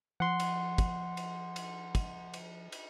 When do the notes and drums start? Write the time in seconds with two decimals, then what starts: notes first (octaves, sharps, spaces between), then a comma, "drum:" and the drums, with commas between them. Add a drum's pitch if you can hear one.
0.20 F3 F#5 C6
0.40 drum: cymbal
0.78 drum: kick, cymbal
1.17 drum: cymbal
1.56 drum: cymbal
1.95 drum: kick, cymbal
2.34 drum: cymbal
2.72 drum: cymbal